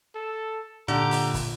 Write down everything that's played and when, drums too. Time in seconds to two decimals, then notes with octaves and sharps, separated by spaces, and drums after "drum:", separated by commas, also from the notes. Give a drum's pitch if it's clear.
0.15 A4
0.88 A#2 D3 G4 A#5, drum: hi-hat
1.11 drum: open hi-hat
1.34 drum: kick, open hi-hat